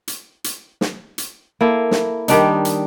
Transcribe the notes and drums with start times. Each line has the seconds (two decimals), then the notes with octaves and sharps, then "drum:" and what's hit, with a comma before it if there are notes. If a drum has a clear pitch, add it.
0.08 drum: hi-hat
0.44 drum: hi-hat
0.81 drum: snare
1.18 drum: hi-hat
1.61 A#3 E4 A4
1.91 drum: snare
2.28 D#3 G3 D4 D#4, drum: hi-hat
2.65 drum: hi-hat